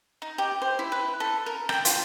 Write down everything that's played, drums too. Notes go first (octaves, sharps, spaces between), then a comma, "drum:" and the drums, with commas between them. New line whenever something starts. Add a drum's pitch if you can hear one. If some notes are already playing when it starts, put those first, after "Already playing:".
D#4
G4
C5
E4
B4
A4
A#4
G5, drum: rim click
F4, drum: hi-hat